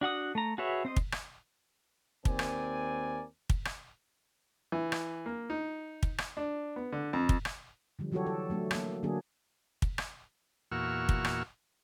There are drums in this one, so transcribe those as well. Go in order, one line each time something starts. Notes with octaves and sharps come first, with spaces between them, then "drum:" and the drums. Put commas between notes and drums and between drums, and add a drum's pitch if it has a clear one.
D4 F#4 F#5 D#6
A3 A#5
F#4 G#4 B4 C#5 E5
C4 C5 D#5
drum: kick
drum: rim click
D#2 C4 A#4 D5 G#5, drum: kick
drum: rim click
drum: kick
drum: rim click
E3
drum: rim click
A#3
D#4
drum: kick
drum: rim click
D4
B3
D3
F2
drum: kick
drum: rim click
D3 F3 G3
E3 F#3 F#4 G4 A4 C#5
A4
F#3 A3 D4
A#3 A4, drum: rim click
D3 F#3 A#3 D4 G#4
drum: kick
drum: rim click
E2 A#2 F#4 C#6 E6 F6
drum: kick
drum: rim click